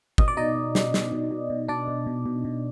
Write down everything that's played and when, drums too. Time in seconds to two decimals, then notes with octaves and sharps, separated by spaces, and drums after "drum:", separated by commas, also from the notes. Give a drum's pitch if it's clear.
0.18 B2 D#5, drum: kick
0.28 D5
0.37 B2 D#4 D#5
0.56 B2
0.75 B2, drum: snare
0.94 B2, drum: snare
1.12 B2
1.31 B2
1.50 B2
1.68 B2 D4 D5
1.88 B2
2.06 B2
2.26 B2
2.45 B2